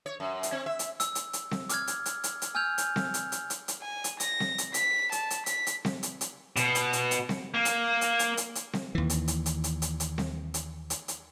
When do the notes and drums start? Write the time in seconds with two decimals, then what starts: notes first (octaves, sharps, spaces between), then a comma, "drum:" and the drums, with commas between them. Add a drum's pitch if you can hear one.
0.06 C#5
0.20 F#2
0.43 drum: hi-hat
0.52 C4
0.66 E5
0.79 drum: hi-hat
1.00 E6, drum: hi-hat
1.15 drum: hi-hat
1.33 drum: hi-hat
1.51 drum: snare C4
1.69 D6 F6 G#6, drum: hi-hat
1.87 drum: hi-hat
2.06 drum: hi-hat
2.24 drum: hi-hat
2.42 drum: hi-hat
2.55 G#5 E6 F6 G6 G#6 F7
2.78 drum: hi-hat
2.96 drum: snare C4
3.14 drum: hi-hat
3.32 drum: hi-hat
3.50 drum: hi-hat
3.68 drum: hi-hat
3.81 G#5
4.04 drum: hi-hat
4.20 A#6, drum: hi-hat
4.40 drum: snare C4
4.58 drum: hi-hat
4.74 B6, drum: hi-hat
5.12 A5, drum: hi-hat
5.30 drum: hi-hat
5.46 B6, drum: hi-hat
5.67 drum: hi-hat
5.85 drum: snare C4
6.03 drum: hi-hat
6.21 drum: hi-hat
6.56 B2, drum: hi-hat
6.75 drum: hi-hat
6.93 drum: hi-hat
7.11 drum: hi-hat
7.29 drum: snare C4
7.54 A#3
7.65 drum: hi-hat
8.01 drum: hi-hat
8.19 drum: hi-hat
8.37 drum: hi-hat
8.55 drum: hi-hat
8.73 drum: snare C4
8.95 D#2 E3
9.10 drum: hi-hat
9.28 drum: hi-hat
9.46 drum: hi-hat
9.64 drum: hi-hat
9.82 drum: hi-hat
10.00 drum: hi-hat
10.18 drum: snare C4
10.54 drum: hi-hat
10.90 drum: hi-hat
11.08 drum: hi-hat